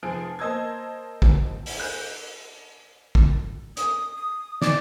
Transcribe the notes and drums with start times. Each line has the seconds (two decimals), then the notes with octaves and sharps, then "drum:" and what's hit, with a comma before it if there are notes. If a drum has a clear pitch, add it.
0.03 F1 F3 G#4 D7
0.39 A#3 C5 D#5 A5 E6 G#6
1.22 drum: kick
1.66 drum: open hi-hat
1.80 F5 F#6 G6
3.15 drum: kick
3.77 D#6, drum: hi-hat
4.16 D#6
4.62 D5 D6, drum: snare